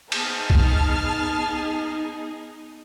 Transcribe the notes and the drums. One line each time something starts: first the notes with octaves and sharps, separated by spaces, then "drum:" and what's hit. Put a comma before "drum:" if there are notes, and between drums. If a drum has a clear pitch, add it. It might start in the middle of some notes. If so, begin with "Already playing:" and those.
B3 D#4 G#4 A5 F6, drum: cymbal
drum: kick